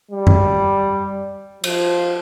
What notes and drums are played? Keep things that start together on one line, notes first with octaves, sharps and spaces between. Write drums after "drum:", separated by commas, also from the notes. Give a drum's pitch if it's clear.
G3
drum: tom F#2
F3, drum: cymbal